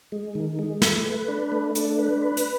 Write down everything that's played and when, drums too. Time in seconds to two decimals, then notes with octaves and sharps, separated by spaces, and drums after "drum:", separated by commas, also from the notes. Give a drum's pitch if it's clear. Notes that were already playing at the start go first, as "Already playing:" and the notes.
0.12 G#3
0.35 D#3
0.59 G#3
0.82 A3, drum: snare
1.06 B4
1.28 D4
1.52 A3
1.75 D4, drum: hi-hat
1.99 B4
2.22 B4
2.37 drum: hi-hat